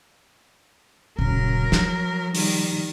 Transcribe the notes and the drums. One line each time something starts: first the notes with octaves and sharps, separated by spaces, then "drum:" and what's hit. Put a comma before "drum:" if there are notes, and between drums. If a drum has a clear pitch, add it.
D#1 C#3 F#3 A#4
F3, drum: snare
D#3 G3, drum: open hi-hat